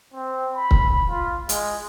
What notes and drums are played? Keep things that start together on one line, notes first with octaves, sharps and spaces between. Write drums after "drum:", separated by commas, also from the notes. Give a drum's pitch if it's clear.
C4
B5
drum: kick C#1
F4
G#3, drum: hi-hat